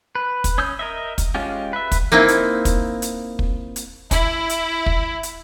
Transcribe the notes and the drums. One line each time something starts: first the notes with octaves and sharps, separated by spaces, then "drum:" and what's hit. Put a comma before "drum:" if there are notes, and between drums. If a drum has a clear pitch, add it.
B4
drum: kick, hi-hat
C#4 D#6 E6 G6
A#4 D#5 E5
drum: kick, hi-hat
G#3 C#4 F4 G4
B4 E5
drum: kick, hi-hat
A#3 C4 D#4 E4
drum: hi-hat
drum: kick, hi-hat
drum: hi-hat
drum: kick
drum: hi-hat
E4, drum: kick, hi-hat
drum: hi-hat
drum: kick
drum: hi-hat